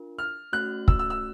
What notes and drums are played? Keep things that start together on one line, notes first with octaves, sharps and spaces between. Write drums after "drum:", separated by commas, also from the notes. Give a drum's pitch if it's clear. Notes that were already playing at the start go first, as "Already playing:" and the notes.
Already playing: D4 F4 A#4
F6
A3 C#4 F#4 F#6
E6, drum: kick
E6
E6